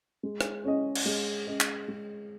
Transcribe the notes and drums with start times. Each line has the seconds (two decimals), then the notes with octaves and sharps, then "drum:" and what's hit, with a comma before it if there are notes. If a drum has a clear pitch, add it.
0.23 G#3
0.41 drum: rim click
0.64 C#4 G#4 D#5
0.95 drum: cymbal
1.06 G#3
1.47 C#4 G#4 D#5
1.60 drum: clap
1.88 G#3